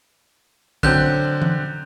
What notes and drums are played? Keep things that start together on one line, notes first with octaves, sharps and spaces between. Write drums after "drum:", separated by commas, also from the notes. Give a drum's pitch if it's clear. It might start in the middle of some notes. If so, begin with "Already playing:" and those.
D3 F#3 C4 F#6 G6, drum: kick
drum: tom E3